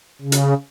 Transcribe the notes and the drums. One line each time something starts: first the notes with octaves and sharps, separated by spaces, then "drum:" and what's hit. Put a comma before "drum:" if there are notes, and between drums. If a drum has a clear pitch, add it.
C#3
drum: hi-hat